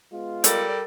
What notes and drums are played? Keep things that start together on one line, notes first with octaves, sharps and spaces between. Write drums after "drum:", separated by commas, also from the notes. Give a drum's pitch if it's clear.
G#3 B3 F4
G3 A4 A#4 D5, drum: hi-hat